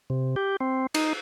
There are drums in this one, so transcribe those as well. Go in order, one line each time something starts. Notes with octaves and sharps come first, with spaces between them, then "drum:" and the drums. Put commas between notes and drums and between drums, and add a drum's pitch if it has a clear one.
C3
G4
C4
D#4, drum: cymbal